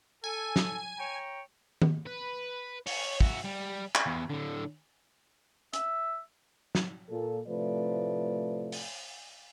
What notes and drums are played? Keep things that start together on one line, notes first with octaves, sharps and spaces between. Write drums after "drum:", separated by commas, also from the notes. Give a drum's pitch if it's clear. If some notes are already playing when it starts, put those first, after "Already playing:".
A4 G#5
drum: snare
C#5 G5 A#5
drum: tom D#3
B4
C#5, drum: open hi-hat
E4 F#4, drum: kick
G3
drum: clap
E2
A2 D3
E5, drum: hi-hat
drum: snare
A#2 A4
A2 C3 F3 A3 B4 D5
drum: open hi-hat